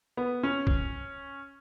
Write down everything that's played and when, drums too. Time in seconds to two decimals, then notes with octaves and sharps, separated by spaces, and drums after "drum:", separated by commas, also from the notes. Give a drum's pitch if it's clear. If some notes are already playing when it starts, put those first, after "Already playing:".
0.17 B3
0.43 C#4
0.67 drum: kick